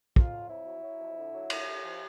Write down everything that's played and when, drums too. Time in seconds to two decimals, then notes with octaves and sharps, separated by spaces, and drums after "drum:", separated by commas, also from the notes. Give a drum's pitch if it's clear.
0.16 F2 F4, drum: kick
0.33 F#3
0.49 F2 E4
0.66 F#3
0.83 F#3
1.00 F2
1.18 D3
1.34 F#3
1.50 A2, drum: cymbal
1.67 A2
1.84 F3